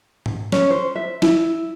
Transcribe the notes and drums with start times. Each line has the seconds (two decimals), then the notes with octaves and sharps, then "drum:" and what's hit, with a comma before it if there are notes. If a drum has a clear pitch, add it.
0.26 drum: tom G#2
0.52 C#4, drum: snare
0.70 C5
0.96 E5
1.22 E4, drum: snare